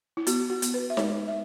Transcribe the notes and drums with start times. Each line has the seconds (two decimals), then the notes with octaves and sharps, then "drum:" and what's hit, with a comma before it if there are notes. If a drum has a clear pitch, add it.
0.17 E4
0.27 B3 F#4, drum: hi-hat
0.50 F#4
0.62 B3, drum: hi-hat
0.74 B4
0.90 E5
0.97 G#3 C#5, drum: snare D#4
1.28 E5